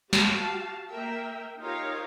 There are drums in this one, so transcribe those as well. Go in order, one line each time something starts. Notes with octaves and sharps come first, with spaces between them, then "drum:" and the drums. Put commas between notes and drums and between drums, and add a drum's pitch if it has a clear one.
F#4 G4 F5 A5, drum: snare
A#3 A#4 E5 G5
D#4 F4 G4 A#4 C#5 F5